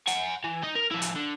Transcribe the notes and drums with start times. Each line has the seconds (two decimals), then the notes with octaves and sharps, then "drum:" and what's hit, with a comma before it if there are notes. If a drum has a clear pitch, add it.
0.07 F#5 G#5, drum: hi-hat
0.44 E3
0.64 D#4
0.76 A#4
0.92 F3 E4
1.02 drum: hi-hat
1.16 D3